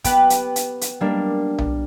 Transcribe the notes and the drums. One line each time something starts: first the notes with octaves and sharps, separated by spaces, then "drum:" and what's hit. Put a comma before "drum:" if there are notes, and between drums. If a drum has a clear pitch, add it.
B3 G4 B4, drum: kick, hi-hat
drum: hi-hat
drum: hi-hat
drum: hi-hat
G3 A#3 D4
drum: tom B1